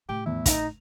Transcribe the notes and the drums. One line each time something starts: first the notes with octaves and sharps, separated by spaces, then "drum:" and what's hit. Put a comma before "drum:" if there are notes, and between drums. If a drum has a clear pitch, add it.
A2 C#3 G4
E2 E4
D#4 F7, drum: kick, hi-hat